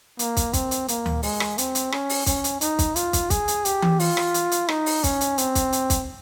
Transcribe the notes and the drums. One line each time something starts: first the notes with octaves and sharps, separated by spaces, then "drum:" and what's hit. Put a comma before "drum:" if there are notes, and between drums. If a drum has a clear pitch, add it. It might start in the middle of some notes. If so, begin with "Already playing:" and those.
A#3, drum: hi-hat
drum: kick, hi-hat
C4, drum: kick, hi-hat
drum: hi-hat
A#3, drum: hi-hat
drum: tom D2
G#3, drum: open hi-hat
drum: rim click
C4, drum: hi-hat
drum: hi-hat
C#4, drum: rim click
drum: open hi-hat
C#4, drum: kick, hi-hat
drum: hi-hat
D#4, drum: hi-hat
drum: kick, hi-hat
F4, drum: hi-hat
drum: kick, hi-hat
G#4, drum: kick, hi-hat
drum: hi-hat
G4, drum: hi-hat
drum: tom E3
F4, drum: open hi-hat
drum: rim click
drum: hi-hat
drum: hi-hat
D#4, drum: rim click
drum: open hi-hat
C#4, drum: kick, hi-hat
drum: hi-hat
C4, drum: hi-hat
drum: kick, hi-hat
drum: hi-hat
drum: kick, hi-hat